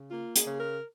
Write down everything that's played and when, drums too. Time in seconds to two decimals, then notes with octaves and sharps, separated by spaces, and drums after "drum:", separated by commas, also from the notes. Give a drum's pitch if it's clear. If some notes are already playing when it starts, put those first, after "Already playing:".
Already playing: C#3
0.11 A#3 F4
0.36 G#4, drum: hi-hat
0.46 C#3
0.59 A#4